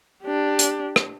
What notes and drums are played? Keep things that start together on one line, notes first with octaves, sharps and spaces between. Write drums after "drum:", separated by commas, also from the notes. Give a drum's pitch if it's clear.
D4 G4
drum: hi-hat
drum: rim click